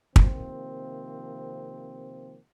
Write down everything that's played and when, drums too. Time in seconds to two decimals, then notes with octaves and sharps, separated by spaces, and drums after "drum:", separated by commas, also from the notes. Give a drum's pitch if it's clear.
0.16 C3 D#3 F3 A#3 C4, drum: kick